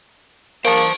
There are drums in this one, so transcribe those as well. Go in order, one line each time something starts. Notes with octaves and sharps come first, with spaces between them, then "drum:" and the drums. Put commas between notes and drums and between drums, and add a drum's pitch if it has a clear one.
A#3 D4 F4 C5 A5 C#6 D7, drum: open hi-hat